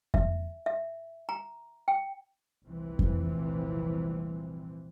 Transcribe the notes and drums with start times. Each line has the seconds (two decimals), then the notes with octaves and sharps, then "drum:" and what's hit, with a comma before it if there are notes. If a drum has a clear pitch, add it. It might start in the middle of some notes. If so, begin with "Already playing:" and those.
0.14 E5, drum: kick F2
0.66 E5
1.29 A#5
1.88 G5
2.65 F1 C2 A#2 E3 F3 C4
2.99 drum: kick F2